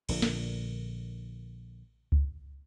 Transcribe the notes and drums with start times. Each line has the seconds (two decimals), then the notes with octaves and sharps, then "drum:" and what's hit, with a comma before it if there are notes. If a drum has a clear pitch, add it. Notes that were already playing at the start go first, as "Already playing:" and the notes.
0.09 A#1 A#2 D3, drum: cymbal
0.22 drum: snare
2.12 drum: kick C#2